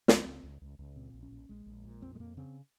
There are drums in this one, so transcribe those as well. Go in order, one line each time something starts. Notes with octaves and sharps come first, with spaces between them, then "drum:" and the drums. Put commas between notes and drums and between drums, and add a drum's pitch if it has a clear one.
C#2, drum: snare
C4
C#2
C#2
C#2
C#2
A#2 C4
A#1
C#4
A#1
A#1 G#3
A#1
A#2
F2 C4
G#3
F2 A#3
C#3 C4